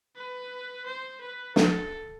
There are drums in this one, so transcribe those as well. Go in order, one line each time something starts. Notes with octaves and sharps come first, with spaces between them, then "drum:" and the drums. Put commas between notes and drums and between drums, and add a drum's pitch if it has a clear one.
B4
C5
B4
A4, drum: snare